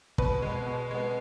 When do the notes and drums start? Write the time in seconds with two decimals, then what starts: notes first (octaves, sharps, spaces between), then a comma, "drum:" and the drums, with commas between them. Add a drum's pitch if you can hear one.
0.18 B2 B4, drum: kick
0.42 G#3 B3
0.66 B2
0.91 G#3 B3